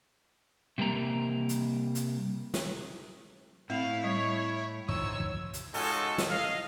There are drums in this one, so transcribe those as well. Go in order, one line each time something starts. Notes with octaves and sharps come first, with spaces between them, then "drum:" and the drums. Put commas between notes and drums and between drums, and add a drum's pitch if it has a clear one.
C3 G3 A#3 A#5
drum: hi-hat
drum: hi-hat
drum: snare
A2 A3 C4 E4 F5
G3 C#5
F3 D#4 C#5 E6, drum: kick
drum: kick
drum: hi-hat
G#3 C#4 D#4 F4 F#4 A4, drum: open hi-hat
drum: snare
D#5 F5